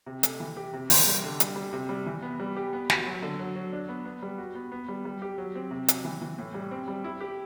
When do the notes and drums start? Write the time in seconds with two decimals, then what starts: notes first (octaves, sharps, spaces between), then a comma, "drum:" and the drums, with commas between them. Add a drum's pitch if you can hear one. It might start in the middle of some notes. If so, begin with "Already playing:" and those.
0.06 C3
0.23 A3, drum: hi-hat
0.40 E3
0.57 G4
0.73 C3
0.90 E3, drum: open hi-hat
1.07 G3
1.24 D3
1.40 G3, drum: hi-hat
1.56 G3
1.73 C3
1.89 G3
2.06 E3
2.22 B3
2.40 G3
2.56 G4
2.73 B3
2.90 F#4, drum: snare
3.06 F#3
3.22 D3
3.39 F#3
3.56 F#3
3.73 D4
3.89 B3
4.05 B3
4.23 G3
4.38 F#4
4.55 B3
4.72 B3
4.89 G3
5.05 G3
5.22 G4
5.38 F#3
5.56 C4
5.71 C3
5.88 F#3, drum: hi-hat
6.05 E3
6.22 E3
6.38 A2
6.54 G3
6.71 C4
6.88 G3
7.04 E4
7.21 G4